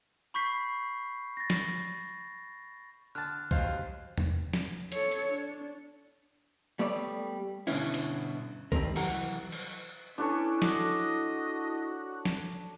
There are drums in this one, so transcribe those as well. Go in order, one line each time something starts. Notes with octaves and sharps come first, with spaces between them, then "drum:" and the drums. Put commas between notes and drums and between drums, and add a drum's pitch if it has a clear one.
B5 C#6 G6 B6 C7
A6 A#6
drum: snare
D3 A5 F6 F#6 A6
D#2 F#3 G#3 C5 F5, drum: kick B1
drum: tom E2
drum: snare
A4 C#5, drum: hi-hat
drum: hi-hat
D4
G3 A3 B3 C#5 D5
G2 B2 D3 C#4 E4, drum: cymbal
drum: hi-hat
D#3 G3 A3 C4 A#4, drum: kick B1
C2 E3 F#3 A#4 F#5, drum: cymbal
drum: cymbal
C#4 D4 E4 A4 B4 C#5
F#4 A4 D#5, drum: snare
drum: snare